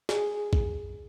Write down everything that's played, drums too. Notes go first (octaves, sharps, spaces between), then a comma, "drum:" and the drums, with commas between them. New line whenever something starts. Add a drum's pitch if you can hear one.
G#4, drum: snare
drum: kick